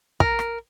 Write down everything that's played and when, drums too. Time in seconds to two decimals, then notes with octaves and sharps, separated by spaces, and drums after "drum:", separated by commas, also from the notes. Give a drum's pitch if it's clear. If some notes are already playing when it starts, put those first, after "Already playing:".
0.20 A#4, drum: kick
0.39 drum: rim click